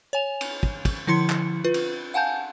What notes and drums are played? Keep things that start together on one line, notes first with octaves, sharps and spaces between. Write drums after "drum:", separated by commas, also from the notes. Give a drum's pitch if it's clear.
C#5 G#5 F7
drum: cymbal
drum: kick
drum: kick, cymbal
D3 F3 E4 C6 C#7
drum: clap
F4 B4
drum: cymbal
F5 F#5 G#5 A5 G6